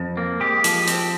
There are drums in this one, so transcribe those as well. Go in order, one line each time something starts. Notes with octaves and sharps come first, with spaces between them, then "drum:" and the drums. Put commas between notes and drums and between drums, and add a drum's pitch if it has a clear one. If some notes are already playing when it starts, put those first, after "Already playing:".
Already playing: F2
A#3
G#3 G4
F3, drum: hi-hat
C4, drum: hi-hat